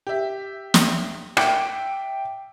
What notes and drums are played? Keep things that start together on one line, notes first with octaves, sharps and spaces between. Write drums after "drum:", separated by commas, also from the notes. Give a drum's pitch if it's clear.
G4 E5
drum: snare
E5 G5 D6 C7 C#7, drum: rim click